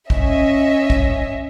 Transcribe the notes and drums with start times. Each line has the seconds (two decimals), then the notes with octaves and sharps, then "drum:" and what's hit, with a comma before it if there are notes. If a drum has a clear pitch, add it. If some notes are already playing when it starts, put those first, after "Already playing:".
0.10 C#4 D#5 E5, drum: kick
0.90 drum: kick